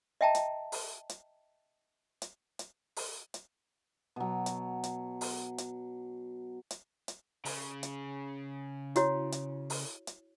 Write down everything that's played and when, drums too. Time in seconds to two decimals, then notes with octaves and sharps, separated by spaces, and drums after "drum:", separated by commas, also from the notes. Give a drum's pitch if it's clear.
0.21 D#5 E5 G5 A5 A#5
0.35 drum: hi-hat
0.72 drum: open hi-hat
1.09 drum: hi-hat
2.22 drum: hi-hat
2.59 drum: hi-hat
2.96 drum: open hi-hat
3.34 drum: hi-hat
4.16 B2 F#3
4.46 drum: hi-hat
4.83 drum: hi-hat
5.21 drum: open hi-hat
5.58 drum: hi-hat
6.71 drum: hi-hat
7.08 drum: hi-hat
7.45 C#3, drum: open hi-hat
7.83 drum: hi-hat
8.96 E4 F#4 C#5, drum: hi-hat
9.32 drum: hi-hat
9.70 drum: open hi-hat
10.07 drum: hi-hat